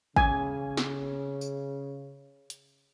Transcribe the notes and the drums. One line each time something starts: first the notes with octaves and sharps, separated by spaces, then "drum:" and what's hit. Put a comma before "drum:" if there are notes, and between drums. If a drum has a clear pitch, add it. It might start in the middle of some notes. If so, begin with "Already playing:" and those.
C#3 G#5, drum: kick G#1
drum: snare
drum: tambourine
drum: hi-hat